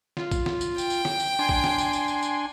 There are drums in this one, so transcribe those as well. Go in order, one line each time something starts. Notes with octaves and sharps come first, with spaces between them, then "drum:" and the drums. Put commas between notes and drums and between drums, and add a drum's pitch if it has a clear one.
F4, drum: snare
drum: kick, tambourine
drum: snare
drum: tambourine
G5, drum: tambourine
drum: tambourine
drum: snare
drum: tambourine
D4 G#5 C6
drum: kick
drum: snare
drum: tambourine
drum: tambourine
drum: tambourine
drum: tambourine